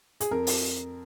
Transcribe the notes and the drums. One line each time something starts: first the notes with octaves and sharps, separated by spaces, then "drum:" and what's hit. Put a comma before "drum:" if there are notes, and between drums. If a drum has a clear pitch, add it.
G#4, drum: hi-hat
F2 A#4
drum: open hi-hat